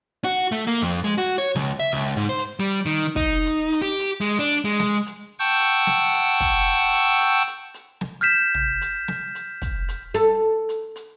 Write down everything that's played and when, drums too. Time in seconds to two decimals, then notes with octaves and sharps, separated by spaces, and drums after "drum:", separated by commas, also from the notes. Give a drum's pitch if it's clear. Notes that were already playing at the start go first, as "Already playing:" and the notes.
0.24 F#4
0.52 A3, drum: hi-hat
0.67 A#3
0.82 F2
1.04 G#3, drum: hi-hat
1.18 F#4
1.38 C#5
1.55 C#2, drum: snare
1.80 E5
1.93 C#2
2.17 G#2
2.29 C5
2.39 drum: hi-hat
2.60 G3
2.86 D#3
3.16 D#4, drum: kick, hi-hat
3.46 drum: hi-hat
3.72 drum: hi-hat
3.82 G4
3.99 drum: hi-hat
4.21 G#3
4.39 D4
4.53 drum: hi-hat
4.65 G#3
4.80 drum: snare
5.06 drum: hi-hat
5.39 F#5 G5 A5 C#6 E6 G6
5.60 drum: hi-hat
5.87 drum: snare
6.14 drum: hi-hat
6.40 drum: kick, hi-hat
6.94 drum: hi-hat
7.21 drum: hi-hat
7.47 drum: hi-hat
7.74 drum: hi-hat
8.01 drum: snare
8.21 F6 G6 B6 E7
8.55 drum: tom
8.81 drum: hi-hat
9.08 drum: snare
9.35 drum: hi-hat
9.62 drum: kick, hi-hat
9.88 drum: hi-hat
10.14 A4, drum: hi-hat
10.69 drum: hi-hat
10.96 drum: hi-hat